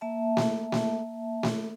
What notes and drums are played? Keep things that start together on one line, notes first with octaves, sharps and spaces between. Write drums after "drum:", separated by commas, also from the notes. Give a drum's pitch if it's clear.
A#3 E5 A5
drum: snare A3
drum: snare A3
drum: snare A3